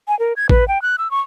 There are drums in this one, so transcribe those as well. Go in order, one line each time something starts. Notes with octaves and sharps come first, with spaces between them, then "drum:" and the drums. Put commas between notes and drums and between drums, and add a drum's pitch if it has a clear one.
G#5
A#4
G#6
B4, drum: kick A1
G5
F#6
E6
C#6